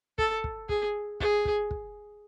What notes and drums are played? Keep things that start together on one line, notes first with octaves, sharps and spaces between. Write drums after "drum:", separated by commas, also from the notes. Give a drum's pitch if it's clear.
A4, drum: kick
drum: kick
G#4, drum: kick
G#4, drum: kick
drum: kick
drum: kick